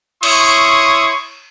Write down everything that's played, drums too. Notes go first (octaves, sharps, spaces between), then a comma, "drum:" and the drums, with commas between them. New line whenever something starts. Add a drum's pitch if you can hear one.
E4 C#5 C6 C#6 D#6, drum: cymbal